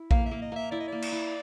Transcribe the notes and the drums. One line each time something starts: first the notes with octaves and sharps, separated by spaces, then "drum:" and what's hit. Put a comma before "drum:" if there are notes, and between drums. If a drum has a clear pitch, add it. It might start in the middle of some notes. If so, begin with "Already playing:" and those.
Already playing: E4
A#3 F5, drum: kick A#1
E5
A#3
D#5
A#3 E5
E4 D5
D#5
A#3 D5
drum: cymbal
E4